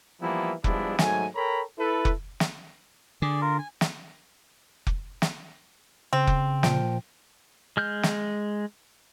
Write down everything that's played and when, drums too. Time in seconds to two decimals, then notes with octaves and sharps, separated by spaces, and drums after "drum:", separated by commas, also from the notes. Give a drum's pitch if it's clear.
0.21 E3 F3 G3 A#3 B3 E4
0.64 F3 G3 G#3 B3 D4 E4, drum: kick F1
0.99 G#2 F#3 A3 G#5, drum: snare
1.35 A4 A#4 C#5 G5 A#5 B5
1.79 E4 A4 B4
2.05 drum: kick F1
2.40 drum: snare
3.22 D3 G#4 D5
3.42 F4 A#4
3.59 G#5
3.81 drum: snare
4.87 drum: kick F1
5.22 drum: snare
6.13 C#3 C4
6.27 drum: kick F1
6.63 A#2 F3 G5, drum: snare
7.77 G#3 F6 G6
8.03 drum: snare